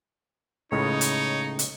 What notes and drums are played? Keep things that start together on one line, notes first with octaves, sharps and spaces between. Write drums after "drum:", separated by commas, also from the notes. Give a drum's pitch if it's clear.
C#2 A2 C#3 D#4 C#5
drum: hi-hat
drum: hi-hat